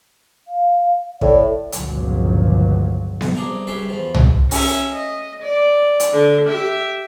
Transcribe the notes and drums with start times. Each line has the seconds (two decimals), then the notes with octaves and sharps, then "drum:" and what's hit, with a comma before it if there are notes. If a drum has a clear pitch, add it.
0.48 F5
1.21 A2 D5, drum: kick
1.72 G1 C#2 A#2 F3 F#3, drum: hi-hat
3.21 drum: snare B3
3.35 C2 D4 G#4 A#5
3.67 C#2 G3 C#4 E5 C6
3.88 E2 F3
4.14 drum: tom
4.51 C#4 E5, drum: open hi-hat
4.93 D#5
5.42 D5
6.00 drum: hi-hat
6.13 D3
6.48 G4 E5